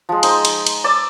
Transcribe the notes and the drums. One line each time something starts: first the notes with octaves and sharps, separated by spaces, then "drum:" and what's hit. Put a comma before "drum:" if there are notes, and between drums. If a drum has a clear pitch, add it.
F3 G#3
D#4 C5, drum: cymbal
drum: cymbal
drum: cymbal
D5 A5 D6 E6